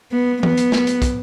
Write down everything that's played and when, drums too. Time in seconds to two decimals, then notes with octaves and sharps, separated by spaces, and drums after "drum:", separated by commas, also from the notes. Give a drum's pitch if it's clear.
0.12 B3
0.43 B3, drum: tom E3
0.57 drum: hi-hat
0.72 drum: snare
0.87 drum: hi-hat
1.02 drum: kick, hi-hat